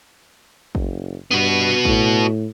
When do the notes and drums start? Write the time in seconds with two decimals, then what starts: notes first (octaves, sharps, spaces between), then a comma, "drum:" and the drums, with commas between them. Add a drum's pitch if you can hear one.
0.75 F#1, drum: kick
1.31 G2 B3 F#4
1.85 A2, drum: kick